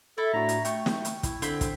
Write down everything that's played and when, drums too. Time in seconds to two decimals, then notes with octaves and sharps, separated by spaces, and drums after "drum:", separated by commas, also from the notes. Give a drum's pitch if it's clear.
0.18 E4 A4
0.34 A2 D4 F#4 A#5
0.49 drum: hi-hat
0.65 A3 G5 C#6 G6, drum: hi-hat
0.86 drum: snare
1.05 drum: hi-hat
1.23 E4, drum: kick, hi-hat
1.42 D3 C4 G6 B6, drum: hi-hat
1.61 drum: kick, hi-hat